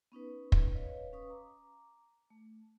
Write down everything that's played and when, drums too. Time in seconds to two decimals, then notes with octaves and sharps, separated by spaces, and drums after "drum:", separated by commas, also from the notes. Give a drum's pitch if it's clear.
0.12 B3 C#4 D#4 B4
0.52 drum: kick
0.74 B4 C#5 D#5 F5
1.13 C#4 B4 F5 C#6 D#6
1.30 A#5 D6
2.30 A3